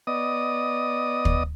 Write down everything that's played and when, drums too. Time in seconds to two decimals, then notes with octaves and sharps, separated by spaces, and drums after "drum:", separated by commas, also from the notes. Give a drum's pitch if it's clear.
0.07 B3 D5 D#5 D#6
1.25 drum: kick